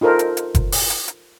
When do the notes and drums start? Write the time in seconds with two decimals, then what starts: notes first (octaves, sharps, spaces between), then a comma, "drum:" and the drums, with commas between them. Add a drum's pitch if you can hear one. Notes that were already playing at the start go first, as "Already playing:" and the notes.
0.01 D#4 F4 A4 A#4 C5
0.19 drum: hi-hat
0.37 drum: hi-hat
0.55 drum: kick F#1, hi-hat
0.72 drum: open hi-hat
0.90 drum: hi-hat
1.08 drum: hi-hat